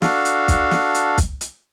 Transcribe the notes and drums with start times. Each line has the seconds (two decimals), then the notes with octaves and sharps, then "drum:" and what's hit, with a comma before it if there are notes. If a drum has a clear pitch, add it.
0.02 D4 F#4 A4 F5, drum: snare
0.25 drum: hi-hat
0.48 drum: kick, hi-hat
0.71 drum: snare
0.94 drum: hi-hat
1.18 drum: kick, hi-hat
1.41 drum: hi-hat